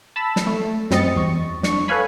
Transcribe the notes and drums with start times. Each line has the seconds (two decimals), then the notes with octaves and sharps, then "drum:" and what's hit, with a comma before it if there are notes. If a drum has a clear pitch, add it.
0.16 A5 B5 E6
0.36 drum: snare
0.47 A3
0.91 F#2 G3 C4 D#5 A6 C#7, drum: snare
1.16 E2 C#6
1.63 D4 C#6, drum: snare
1.88 A4 B4 C#5 F5 G#5 B5